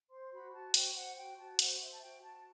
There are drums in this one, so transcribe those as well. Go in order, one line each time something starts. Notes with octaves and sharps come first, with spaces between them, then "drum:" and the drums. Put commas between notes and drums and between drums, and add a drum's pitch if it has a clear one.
C5 C6
F#4 B5
F#4 A5
C5 G5, drum: hi-hat
C5 F#5
F#4 G5
F#4 A5
C5 F#5, drum: hi-hat
C5 E5
A5
F#4 G5
F#4 A5